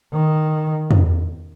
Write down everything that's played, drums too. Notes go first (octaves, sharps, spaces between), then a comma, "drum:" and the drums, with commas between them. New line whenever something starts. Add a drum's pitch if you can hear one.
D#3
drum: tom